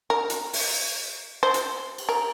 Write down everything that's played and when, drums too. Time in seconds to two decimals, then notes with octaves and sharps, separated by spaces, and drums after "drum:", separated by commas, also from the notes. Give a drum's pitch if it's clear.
0.10 A#4
0.30 drum: hi-hat
0.53 drum: open hi-hat
1.43 C5
1.54 drum: hi-hat
1.98 drum: cymbal
2.09 A#4